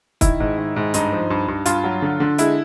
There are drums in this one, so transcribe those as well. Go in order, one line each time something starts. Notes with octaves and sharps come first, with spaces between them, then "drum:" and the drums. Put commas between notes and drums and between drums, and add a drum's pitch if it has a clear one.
D#3 E4, drum: kick, hi-hat
G#2
D#3
G#2
G2 D#4, drum: hi-hat
F3
G2
G2
G2 F4, drum: hi-hat
F#3
D3
D3
G#3 E4, drum: hi-hat